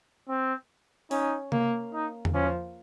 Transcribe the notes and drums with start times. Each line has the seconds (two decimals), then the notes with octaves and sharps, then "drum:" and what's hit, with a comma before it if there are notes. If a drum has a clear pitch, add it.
0.29 C4
1.11 C#4 D#4, drum: open hi-hat
1.52 A#3, drum: tom C3
1.94 D#4
2.25 drum: tom E2
2.34 F3 C#4